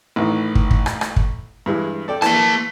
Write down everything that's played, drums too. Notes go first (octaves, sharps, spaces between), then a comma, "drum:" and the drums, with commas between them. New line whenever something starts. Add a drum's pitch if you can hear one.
A1 D#3 E3
drum: kick
drum: kick
drum: rim click
drum: rim click
drum: kick
G2 E3 G#3
A4 D5 G5
E3 A#3 A5, drum: rim click